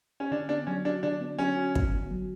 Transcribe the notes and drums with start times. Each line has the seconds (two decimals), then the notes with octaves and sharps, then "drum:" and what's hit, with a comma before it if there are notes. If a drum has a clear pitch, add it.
0.20 C#4
0.32 D3 D4
0.49 B3 D4
0.67 F#3 C#4
0.85 D4 F#4
1.03 D3 D4
1.21 B3
1.38 F#3 C#4
1.57 F#4
1.75 D3, drum: kick
1.93 B3
2.11 F#3